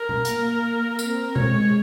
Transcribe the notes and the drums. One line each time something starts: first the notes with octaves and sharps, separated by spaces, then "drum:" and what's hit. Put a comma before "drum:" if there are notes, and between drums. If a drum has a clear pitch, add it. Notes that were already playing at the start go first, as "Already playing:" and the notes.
Already playing: A#4
drum: tom B2
A#3, drum: hi-hat
A#3
C4 A#4, drum: tambourine
G#3 C#5, drum: tom B2